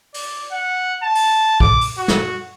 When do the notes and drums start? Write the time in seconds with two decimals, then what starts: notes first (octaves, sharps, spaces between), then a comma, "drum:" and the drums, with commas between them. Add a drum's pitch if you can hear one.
0.14 D5, drum: open hi-hat
0.52 F#5
1.03 A5
1.15 drum: open hi-hat
1.60 D6, drum: kick B1
1.81 drum: open hi-hat
1.98 F#4
2.08 drum: snare